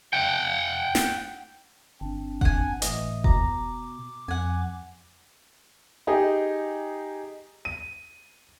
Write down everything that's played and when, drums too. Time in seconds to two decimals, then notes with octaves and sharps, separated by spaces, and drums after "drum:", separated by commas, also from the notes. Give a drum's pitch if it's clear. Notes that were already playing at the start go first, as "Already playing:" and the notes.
0.13 F#5 G5
0.95 drum: snare
2.01 G1 C4 D4
2.41 F#5 G#5, drum: kick F1
2.82 A2 E3 A3 D#5, drum: hi-hat
3.24 B2 A#5 D6, drum: kick F1
4.28 F2 F#5 G#5
6.07 D#4 G4 G#4
7.65 D#7